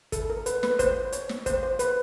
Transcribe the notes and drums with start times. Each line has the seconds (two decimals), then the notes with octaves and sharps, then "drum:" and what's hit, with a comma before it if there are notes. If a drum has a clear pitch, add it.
0.12 A4, drum: kick, hi-hat
0.30 A#4
0.46 B4, drum: hi-hat
0.63 B4, drum: snare
0.79 C5, drum: kick, hi-hat
1.12 C#5, drum: hi-hat
1.29 drum: snare
1.46 C5, drum: kick, hi-hat
1.63 C5
1.79 B4, drum: hi-hat